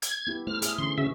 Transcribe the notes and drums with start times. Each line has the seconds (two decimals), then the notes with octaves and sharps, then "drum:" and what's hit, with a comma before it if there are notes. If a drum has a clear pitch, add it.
0.02 G#6, drum: hi-hat
0.27 B3 E4 G4
0.47 A3 E4 C5 F6
0.62 G#4 E5, drum: hi-hat
0.78 D3 E3 C#4 C6
0.98 C#3 F#4 E5